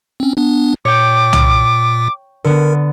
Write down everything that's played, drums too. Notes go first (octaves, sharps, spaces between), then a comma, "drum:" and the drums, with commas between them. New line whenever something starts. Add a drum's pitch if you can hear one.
C4 C#4
B3 D4
A#2 C#5 G5 D6
drum: tom C2
D3 B3 A#4